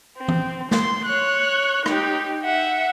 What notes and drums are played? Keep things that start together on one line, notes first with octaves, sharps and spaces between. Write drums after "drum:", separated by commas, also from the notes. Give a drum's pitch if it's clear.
C4
drum: tom E3
C6, drum: snare
C#5 F#6
D#4 G4, drum: rim click
E5 F#5